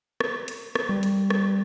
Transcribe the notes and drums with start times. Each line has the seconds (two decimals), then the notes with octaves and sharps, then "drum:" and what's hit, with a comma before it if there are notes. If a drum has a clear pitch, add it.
0.20 drum: rim click
0.48 drum: hi-hat
0.75 drum: rim click
0.89 G3
1.03 drum: hi-hat
1.30 drum: rim click